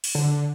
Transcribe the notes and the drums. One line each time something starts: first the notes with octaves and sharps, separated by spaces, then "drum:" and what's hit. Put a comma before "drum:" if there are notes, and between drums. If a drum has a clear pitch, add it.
drum: open hi-hat
D3